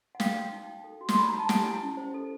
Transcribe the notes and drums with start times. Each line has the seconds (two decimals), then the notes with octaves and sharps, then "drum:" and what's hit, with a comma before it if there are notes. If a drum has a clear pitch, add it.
0.15 F#5
0.20 B4 F5 G5, drum: snare
0.35 F#4
0.52 D#4
0.68 D#4
0.84 A4
1.01 F#4
1.09 C6, drum: snare
1.17 D#4 B5
1.29 D#4 A#5
1.39 A5
1.49 G4 F#5 G#5, drum: snare
1.66 E4
1.82 C#4
1.97 C5
2.14 A4